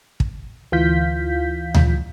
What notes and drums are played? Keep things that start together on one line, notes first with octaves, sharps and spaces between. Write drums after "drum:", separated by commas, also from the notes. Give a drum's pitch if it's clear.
drum: kick
D2 E3 F4 F5 G6 B6
drum: tom D2